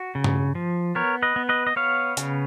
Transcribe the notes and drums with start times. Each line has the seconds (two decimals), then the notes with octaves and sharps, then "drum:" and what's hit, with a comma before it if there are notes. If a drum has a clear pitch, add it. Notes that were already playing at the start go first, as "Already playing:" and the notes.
Already playing: F#4
0.15 C#3
0.24 drum: tom G2
0.55 F3
0.95 B3 A#4 C#5
1.22 B4 D#5
1.36 B3
1.49 B4 D#5
1.67 D#5
1.76 B3 C#5 F5
2.17 C#3, drum: hi-hat